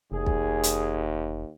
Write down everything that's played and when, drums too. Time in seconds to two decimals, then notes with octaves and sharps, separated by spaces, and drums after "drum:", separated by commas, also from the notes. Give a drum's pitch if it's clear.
0.12 F1 D#2 G#4
0.26 drum: kick
0.63 drum: hi-hat